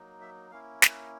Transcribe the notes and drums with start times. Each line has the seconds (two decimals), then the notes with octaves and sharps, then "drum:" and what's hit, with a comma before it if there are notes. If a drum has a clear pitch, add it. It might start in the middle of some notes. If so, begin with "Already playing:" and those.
Already playing: F#3 A#3 D#4
0.21 E5
0.51 A#3 C#4 E4 F5
0.82 drum: snare